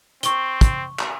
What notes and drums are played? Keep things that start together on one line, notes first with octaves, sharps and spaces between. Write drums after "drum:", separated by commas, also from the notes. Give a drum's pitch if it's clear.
C4 C#6 G7, drum: hi-hat
drum: kick, hi-hat
drum: clap